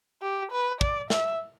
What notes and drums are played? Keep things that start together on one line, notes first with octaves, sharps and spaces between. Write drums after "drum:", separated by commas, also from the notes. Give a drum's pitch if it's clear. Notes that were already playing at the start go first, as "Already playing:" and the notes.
G4
B4
D5, drum: kick
E5, drum: snare